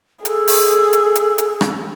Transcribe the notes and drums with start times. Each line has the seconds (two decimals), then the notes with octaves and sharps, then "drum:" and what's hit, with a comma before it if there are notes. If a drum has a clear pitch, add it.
0.25 G#4 A4, drum: hi-hat
0.48 drum: open hi-hat
0.93 drum: hi-hat
1.15 drum: hi-hat
1.38 drum: hi-hat
1.61 drum: rim click